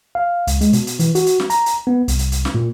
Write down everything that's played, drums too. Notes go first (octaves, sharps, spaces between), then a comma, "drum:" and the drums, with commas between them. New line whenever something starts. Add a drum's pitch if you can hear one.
F5
C#2, drum: hi-hat
G#3, drum: hi-hat
B2, drum: hi-hat
drum: hi-hat
E3, drum: hi-hat
F#4, drum: hi-hat
drum: hi-hat
drum: snare
A#5, drum: hi-hat
drum: hi-hat
B3
C2, drum: hi-hat
drum: hi-hat
drum: hi-hat
drum: snare
A#2